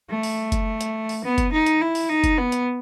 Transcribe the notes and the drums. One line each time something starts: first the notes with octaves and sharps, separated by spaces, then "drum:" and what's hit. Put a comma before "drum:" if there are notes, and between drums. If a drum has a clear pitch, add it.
A3
drum: open hi-hat
drum: kick F#1, hi-hat
drum: hi-hat
drum: open hi-hat
B3
drum: kick F#1, hi-hat
D#4
drum: hi-hat
E4
drum: open hi-hat
D#4
drum: kick F#1, hi-hat
B3
drum: hi-hat